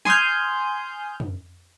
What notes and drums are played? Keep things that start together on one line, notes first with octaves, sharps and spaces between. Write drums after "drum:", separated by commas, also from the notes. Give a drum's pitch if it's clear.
G#5 C6 D#6 F6 G6, drum: snare
drum: tom